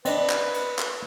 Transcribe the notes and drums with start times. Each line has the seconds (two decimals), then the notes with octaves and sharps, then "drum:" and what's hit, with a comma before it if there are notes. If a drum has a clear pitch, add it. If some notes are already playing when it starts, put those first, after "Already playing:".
0.05 C4 D4 B4 D5 D#5, drum: cymbal
0.30 drum: clap
0.54 drum: cymbal
0.79 drum: clap